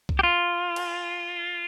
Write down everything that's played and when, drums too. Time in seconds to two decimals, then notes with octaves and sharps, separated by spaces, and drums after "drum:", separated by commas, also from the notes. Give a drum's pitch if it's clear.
0.09 drum: kick C2
0.19 G4
0.23 F4
0.76 drum: cymbal